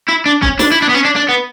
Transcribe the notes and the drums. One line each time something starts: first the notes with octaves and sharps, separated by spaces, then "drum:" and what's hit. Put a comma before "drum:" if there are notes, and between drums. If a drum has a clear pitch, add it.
E4
D4
C#4, drum: kick
D4, drum: snare
E4
D4
B3
C#4
D4
D4
B3